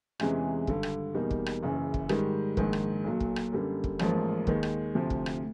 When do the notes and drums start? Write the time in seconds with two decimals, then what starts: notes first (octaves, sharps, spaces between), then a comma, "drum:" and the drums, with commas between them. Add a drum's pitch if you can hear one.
0.20 E2 C3 E3 G#3 C#4, drum: rim click
0.67 G#1 G2 D3, drum: kick
0.83 drum: rim click
1.14 E2 B2 G3 A#3 D#4
1.31 drum: kick
1.46 drum: rim click
1.63 F#1 F#2 C#3 E3
1.94 drum: kick
2.09 G#2 D#3 G3, drum: rim click
2.57 A#1 G#2 D#3, drum: kick
2.73 drum: rim click
3.04 B1 A#2 F#3
3.20 drum: kick
3.36 drum: rim click
3.52 F#2 D3 G3 A#3
3.84 drum: kick
3.99 A1 G#2 F3 A#3, drum: rim click
4.47 D#2 D#3 G#3, drum: kick
4.63 drum: rim click
4.95 D2 C3 F3
5.10 drum: kick
5.26 drum: rim click